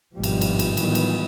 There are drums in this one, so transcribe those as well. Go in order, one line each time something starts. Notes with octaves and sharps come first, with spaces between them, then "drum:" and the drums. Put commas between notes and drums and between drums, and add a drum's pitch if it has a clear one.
G#1 G2 B2 F3 G3
drum: cymbal
drum: cymbal
drum: cymbal
A2 D#3 E3 F#3 G3 B3, drum: cymbal
drum: cymbal